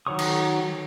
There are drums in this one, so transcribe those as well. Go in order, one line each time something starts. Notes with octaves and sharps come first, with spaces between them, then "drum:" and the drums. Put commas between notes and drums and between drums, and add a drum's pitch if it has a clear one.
D#3 F#3 C#5 C#6 D#6
drum: cymbal